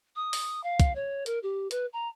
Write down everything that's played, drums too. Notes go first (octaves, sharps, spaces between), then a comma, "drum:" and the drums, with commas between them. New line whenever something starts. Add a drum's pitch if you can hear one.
D#6
drum: open hi-hat
F5
drum: kick, hi-hat
C#5
A#4, drum: hi-hat
G4
B4, drum: hi-hat
A#5